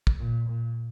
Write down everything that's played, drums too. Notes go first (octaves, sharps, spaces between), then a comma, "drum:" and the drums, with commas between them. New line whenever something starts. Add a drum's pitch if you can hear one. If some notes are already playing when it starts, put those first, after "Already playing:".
drum: kick
A#2
A#2